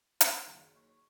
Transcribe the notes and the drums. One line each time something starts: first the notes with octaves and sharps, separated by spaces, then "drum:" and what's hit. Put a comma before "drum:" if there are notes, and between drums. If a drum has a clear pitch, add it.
F4, drum: hi-hat
F#1 D#3 E7
C#5